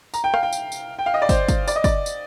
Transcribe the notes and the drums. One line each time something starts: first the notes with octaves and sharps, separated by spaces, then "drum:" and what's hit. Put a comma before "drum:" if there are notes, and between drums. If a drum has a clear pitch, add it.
A#5, drum: tambourine
G5
F5, drum: rim click
G5
drum: tambourine
drum: tambourine
G5
F5
D#5
D5
C5, drum: kick, tambourine
drum: kick, tambourine
D5, drum: tambourine
D#5
D5, drum: kick, tambourine
drum: tambourine